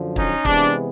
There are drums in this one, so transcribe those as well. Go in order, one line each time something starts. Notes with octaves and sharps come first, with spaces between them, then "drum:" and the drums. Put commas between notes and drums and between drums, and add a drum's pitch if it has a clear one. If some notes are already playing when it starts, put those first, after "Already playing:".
Already playing: F#2 D3 F3
C#4 D#4, drum: kick
C3 E3 G#3 B3 D4, drum: kick